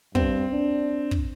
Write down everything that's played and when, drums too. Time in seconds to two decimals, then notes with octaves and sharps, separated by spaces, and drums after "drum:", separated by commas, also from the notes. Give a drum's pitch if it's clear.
0.15 G2 C4, drum: kick
0.51 D4
1.11 drum: kick